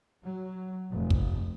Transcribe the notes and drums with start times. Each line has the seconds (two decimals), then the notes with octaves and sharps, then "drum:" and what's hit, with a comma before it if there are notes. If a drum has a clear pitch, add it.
0.23 F#3
0.90 F1
1.10 drum: kick